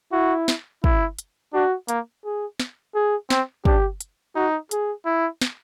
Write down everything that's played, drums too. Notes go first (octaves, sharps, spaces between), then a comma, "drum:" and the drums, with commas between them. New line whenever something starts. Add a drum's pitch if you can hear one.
E4 F#4
drum: snare
E4, drum: kick
drum: hi-hat
D4 F#4
A#3, drum: hi-hat
G#4
drum: snare
G#4
C4, drum: snare
D4 G4, drum: kick
drum: hi-hat
D#4 F#4
G#4, drum: hi-hat
E4
drum: snare